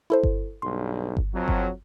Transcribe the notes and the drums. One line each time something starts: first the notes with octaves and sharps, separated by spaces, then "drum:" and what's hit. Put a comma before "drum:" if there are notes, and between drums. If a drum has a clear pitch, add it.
E4 A4 C5
drum: kick G1
B1 G2 C6
drum: kick G1
F2 F#3
drum: kick G1